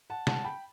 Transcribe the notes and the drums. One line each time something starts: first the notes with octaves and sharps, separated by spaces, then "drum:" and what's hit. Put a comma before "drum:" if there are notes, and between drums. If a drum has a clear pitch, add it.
F#5 A5
F#5 A5, drum: snare
G5 B5